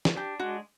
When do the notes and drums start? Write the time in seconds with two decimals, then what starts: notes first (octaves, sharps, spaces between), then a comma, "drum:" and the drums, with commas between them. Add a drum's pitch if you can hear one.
0.05 drum: snare
0.16 D4 G4
0.40 G#3 F#4